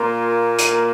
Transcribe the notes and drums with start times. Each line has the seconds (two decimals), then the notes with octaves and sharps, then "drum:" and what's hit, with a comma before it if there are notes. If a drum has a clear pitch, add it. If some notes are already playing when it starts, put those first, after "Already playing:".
Already playing: A#2 A#3 F4
0.59 drum: hi-hat